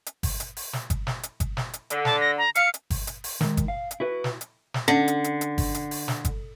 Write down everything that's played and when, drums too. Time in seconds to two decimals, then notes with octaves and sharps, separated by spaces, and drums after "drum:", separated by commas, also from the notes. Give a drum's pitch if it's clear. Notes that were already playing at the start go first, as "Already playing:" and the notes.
0.06 drum: hi-hat
0.23 drum: kick G1, open hi-hat
0.40 drum: hi-hat
0.57 drum: open hi-hat
0.73 drum: snare
0.90 drum: kick G1, hi-hat
1.07 drum: snare
1.23 drum: hi-hat
1.40 drum: kick G1, hi-hat
1.57 drum: snare
1.73 drum: hi-hat
1.90 D3, drum: hi-hat
2.05 A5, drum: snare
2.21 A#6
2.38 A#5
2.55 F5 C#7, drum: hi-hat
2.74 drum: hi-hat
2.90 drum: kick G1, open hi-hat
3.07 drum: hi-hat
3.24 drum: open hi-hat
3.41 D#3 G#3, drum: snare
3.57 drum: kick G1, hi-hat
3.68 F5
3.91 drum: hi-hat
4.00 E4 F#4 B4
4.24 drum: snare
4.41 drum: hi-hat
4.74 drum: snare
4.88 D3 C#4
5.08 drum: hi-hat
5.24 drum: hi-hat
5.41 drum: hi-hat
5.58 drum: kick G1, open hi-hat
5.74 drum: hi-hat
5.91 drum: open hi-hat
6.08 drum: snare
6.25 drum: kick G1, hi-hat